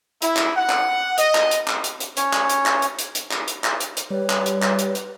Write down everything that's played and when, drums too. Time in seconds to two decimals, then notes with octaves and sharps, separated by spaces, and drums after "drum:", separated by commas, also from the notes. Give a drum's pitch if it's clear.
0.22 E4, drum: hi-hat
0.37 drum: clap
0.56 F#5
0.69 drum: clap
1.18 D#5, drum: hi-hat
1.35 drum: clap
1.51 drum: hi-hat
1.68 drum: clap
1.84 drum: hi-hat
2.00 drum: hi-hat
2.17 C#4 C#5, drum: hi-hat
2.33 drum: clap
2.49 drum: hi-hat
2.66 drum: clap
2.82 drum: hi-hat
2.99 drum: hi-hat
3.15 drum: hi-hat
3.31 drum: clap
3.48 drum: hi-hat
3.64 drum: clap
3.80 drum: hi-hat
3.97 drum: hi-hat
4.10 G3 B4 C#5
4.30 drum: clap
4.46 drum: hi-hat
4.62 drum: clap
4.79 drum: hi-hat
4.95 drum: hi-hat